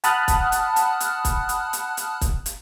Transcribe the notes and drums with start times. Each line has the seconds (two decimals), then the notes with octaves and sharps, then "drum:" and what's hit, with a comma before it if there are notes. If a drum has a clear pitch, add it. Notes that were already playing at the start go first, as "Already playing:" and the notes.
0.04 F#5 A5 B5 D#6 F6 F#6, drum: hi-hat
0.28 drum: kick C#1, hi-hat
0.52 drum: hi-hat
0.76 drum: hi-hat
1.00 drum: hi-hat
1.25 drum: kick C#1, hi-hat
1.49 drum: hi-hat
1.73 drum: hi-hat
1.97 drum: hi-hat
2.21 drum: kick C#1, hi-hat
2.46 drum: hi-hat